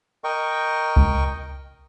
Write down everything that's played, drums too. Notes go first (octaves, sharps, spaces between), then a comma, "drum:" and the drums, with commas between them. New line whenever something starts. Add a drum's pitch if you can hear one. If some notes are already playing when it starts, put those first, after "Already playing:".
A#4 D#5 G5 C#6
drum: kick C2